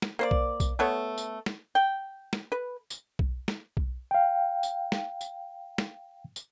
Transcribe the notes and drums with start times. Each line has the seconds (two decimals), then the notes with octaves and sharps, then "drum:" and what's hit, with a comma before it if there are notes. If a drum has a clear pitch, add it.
0.02 drum: snare
0.19 A#3 C5 D5
0.31 drum: kick B1
0.60 drum: kick B1, tambourine
0.79 A3 B3 C#5
1.18 drum: tambourine
1.46 drum: snare
1.75 G5
2.33 drum: snare
2.52 B4
2.90 drum: tambourine
3.19 drum: kick B1
3.48 drum: snare
3.77 drum: kick B1
4.11 F5 G5
4.63 drum: tambourine
4.92 drum: snare
5.21 drum: tambourine
5.78 drum: snare
6.36 drum: tambourine